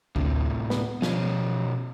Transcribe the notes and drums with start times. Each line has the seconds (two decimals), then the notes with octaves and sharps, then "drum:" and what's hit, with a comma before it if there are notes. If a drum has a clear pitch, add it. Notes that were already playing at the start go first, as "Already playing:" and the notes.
0.16 D2 A2 C3, drum: kick
0.70 B3, drum: snare
1.02 B2 F3 C#4, drum: snare